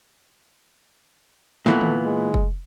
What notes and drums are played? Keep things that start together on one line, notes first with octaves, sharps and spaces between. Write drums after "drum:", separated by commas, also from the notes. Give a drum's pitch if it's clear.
A#2 E3 A3 B3, drum: snare
drum: tom D3
G#3
drum: kick F1